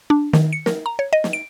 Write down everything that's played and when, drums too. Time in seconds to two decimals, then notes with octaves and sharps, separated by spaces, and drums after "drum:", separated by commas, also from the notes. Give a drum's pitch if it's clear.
0.10 D4
0.33 D#3, drum: snare
0.53 C#7
0.66 A#4, drum: snare
0.86 A#5
0.99 C#5
1.13 D#5
1.24 drum: snare
1.33 D7